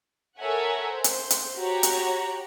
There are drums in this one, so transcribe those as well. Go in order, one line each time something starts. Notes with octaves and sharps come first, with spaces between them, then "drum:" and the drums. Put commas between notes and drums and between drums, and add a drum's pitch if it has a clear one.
A4 A#4 C#5 E5 F#5 G#5
C5
drum: hi-hat
drum: hi-hat
F#4 G4 C#5 A#5
drum: hi-hat